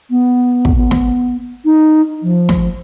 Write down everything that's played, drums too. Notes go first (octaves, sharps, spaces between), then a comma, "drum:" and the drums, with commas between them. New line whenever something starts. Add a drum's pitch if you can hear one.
B3
drum: kick
B3
drum: snare
D#4
F3
drum: snare